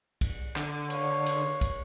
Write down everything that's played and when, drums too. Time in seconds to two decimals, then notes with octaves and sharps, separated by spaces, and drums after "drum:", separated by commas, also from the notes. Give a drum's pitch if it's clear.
0.21 drum: kick, cymbal
0.56 D3, drum: clap
0.90 C#5 F5, drum: cymbal
1.26 drum: cymbal
1.61 drum: kick, cymbal